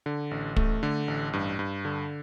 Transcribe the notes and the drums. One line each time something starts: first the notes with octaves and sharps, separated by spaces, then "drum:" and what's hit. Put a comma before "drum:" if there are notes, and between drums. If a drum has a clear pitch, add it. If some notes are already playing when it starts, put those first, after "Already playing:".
D3
A1
A3, drum: kick
D3
A1
G2
G2
D3